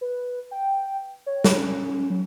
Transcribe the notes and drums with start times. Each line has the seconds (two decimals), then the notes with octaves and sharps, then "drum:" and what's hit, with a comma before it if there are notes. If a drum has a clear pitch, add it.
0.01 B4
0.51 G5
1.26 C#5
1.44 drum: snare
1.58 C#4
2.10 F#3